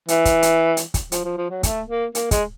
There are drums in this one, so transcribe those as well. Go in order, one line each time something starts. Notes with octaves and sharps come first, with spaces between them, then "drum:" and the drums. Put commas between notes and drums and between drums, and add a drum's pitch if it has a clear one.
E3, drum: hi-hat
drum: kick, hi-hat
drum: hi-hat
drum: hi-hat
drum: kick, hi-hat
F3, drum: hi-hat
F3
F3
F#3
A3, drum: kick, hi-hat
A#3
A#3, drum: hi-hat
G#3, drum: kick, hi-hat